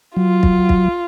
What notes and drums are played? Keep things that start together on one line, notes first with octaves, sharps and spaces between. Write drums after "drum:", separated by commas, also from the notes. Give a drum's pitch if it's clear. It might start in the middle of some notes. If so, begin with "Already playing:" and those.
F#3 F4
drum: kick
drum: kick